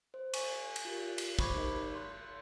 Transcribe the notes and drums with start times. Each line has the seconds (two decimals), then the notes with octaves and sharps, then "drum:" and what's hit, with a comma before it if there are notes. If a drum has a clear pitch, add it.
0.14 C5
0.34 G#5 C#6, drum: cymbal
0.76 drum: cymbal
0.85 F4 G4 A#4
1.18 drum: cymbal
1.39 C5 B5 C#6 D6 G#6, drum: kick
1.54 D#4 G4 A#4 D#5
1.95 C6 F#6